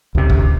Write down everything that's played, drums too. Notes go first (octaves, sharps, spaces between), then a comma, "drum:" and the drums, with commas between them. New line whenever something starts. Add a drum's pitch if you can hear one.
D2 C3
drum: kick